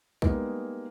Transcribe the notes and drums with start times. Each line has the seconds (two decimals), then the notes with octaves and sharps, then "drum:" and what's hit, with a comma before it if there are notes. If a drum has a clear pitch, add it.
0.22 G3 G#3 A#3 B3 D#4 G#4, drum: kick